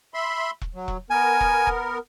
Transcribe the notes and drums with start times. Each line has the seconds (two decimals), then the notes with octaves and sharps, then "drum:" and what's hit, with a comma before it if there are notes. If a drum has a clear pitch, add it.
0.14 E5 B5 C6
0.61 drum: kick E1
0.75 F#3
0.88 drum: kick E1
1.10 B3 A#4 G#5
1.41 drum: kick E1
1.67 drum: kick E1